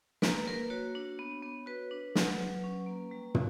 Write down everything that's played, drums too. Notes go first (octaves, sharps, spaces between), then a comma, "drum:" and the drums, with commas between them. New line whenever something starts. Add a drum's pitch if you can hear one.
A#3 B4, drum: snare
A#3 A#4
B4
F#4 C#5
D4
B3
B3
F#4 B4
D4
F#3, drum: snare
F#3
C#4
A#3
G3
F#4, drum: tom